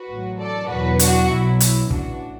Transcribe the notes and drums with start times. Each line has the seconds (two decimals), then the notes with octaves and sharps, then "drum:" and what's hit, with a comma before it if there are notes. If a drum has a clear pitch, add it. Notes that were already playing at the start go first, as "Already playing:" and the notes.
Already playing: F#4 B4
0.09 A1 A2 F#3
0.39 A4 D5
0.68 E2 B2 F#3 F#4 B4
0.99 D4 F#4, drum: hi-hat
1.30 B1 B2 F#3 E4
1.60 E4, drum: hi-hat
1.91 A1 A2 E3 D4 F#4, drum: kick